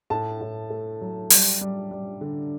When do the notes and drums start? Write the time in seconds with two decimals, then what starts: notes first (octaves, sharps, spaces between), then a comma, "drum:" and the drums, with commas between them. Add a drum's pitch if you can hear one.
0.10 A2 A5
0.41 A2
0.70 A3
1.01 F#3
1.30 G3, drum: open hi-hat
1.61 G3
1.91 G3
2.21 D3